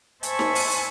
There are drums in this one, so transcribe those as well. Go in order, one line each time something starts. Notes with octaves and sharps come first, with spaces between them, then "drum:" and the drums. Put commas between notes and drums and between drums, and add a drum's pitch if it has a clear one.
C5 E5 G#5 A5 B5 C#6, drum: hi-hat
drum: snare D#4
drum: open hi-hat
drum: hi-hat